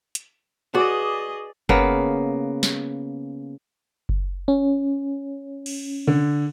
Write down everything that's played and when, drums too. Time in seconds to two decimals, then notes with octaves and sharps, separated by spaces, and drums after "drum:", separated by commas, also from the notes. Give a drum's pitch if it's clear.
0.15 drum: hi-hat
0.75 F#4 G#4 D5 D#5
1.69 C#3 A#3 B3, drum: kick F#1
2.63 drum: snare
4.09 drum: kick F#1
4.48 C#4
5.66 drum: cymbal
6.07 D3